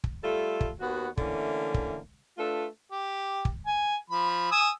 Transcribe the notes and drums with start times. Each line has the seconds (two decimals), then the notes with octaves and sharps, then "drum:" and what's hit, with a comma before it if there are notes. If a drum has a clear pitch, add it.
0.04 drum: kick
0.23 G3 A3 F4 A4
0.61 drum: kick
0.80 D#2 B3 F#4
1.17 D3 E3 A3 A#3 C#4, drum: kick
1.74 drum: kick
2.38 A3 D4 F4 A4 B4
2.92 G4
3.45 drum: kick
3.67 G#5
4.10 F3 B5
4.51 G#5 D#6 E6